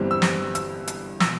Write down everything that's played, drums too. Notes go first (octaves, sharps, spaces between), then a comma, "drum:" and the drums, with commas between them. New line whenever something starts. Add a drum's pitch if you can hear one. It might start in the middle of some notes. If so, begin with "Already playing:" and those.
Already playing: G1 G2 E3 G3 C4
E6
drum: snare
E6, drum: hi-hat
drum: hi-hat
B2 E6, drum: snare